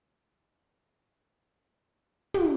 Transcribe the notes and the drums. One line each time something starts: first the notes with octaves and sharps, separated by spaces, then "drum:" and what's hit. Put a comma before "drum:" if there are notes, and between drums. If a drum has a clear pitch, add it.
A#2
G3
A3 C5 E6
A#2 B3 B4 G#5 C7
G#4
G4 G#4 A#4
drum: tom